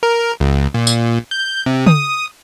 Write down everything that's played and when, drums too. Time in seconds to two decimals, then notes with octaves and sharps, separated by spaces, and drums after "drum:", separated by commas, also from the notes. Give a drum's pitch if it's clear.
0.03 A#4
0.40 C#2
0.74 A#2
0.87 drum: tambourine
1.31 G6
1.66 C3
1.86 D#6, drum: tom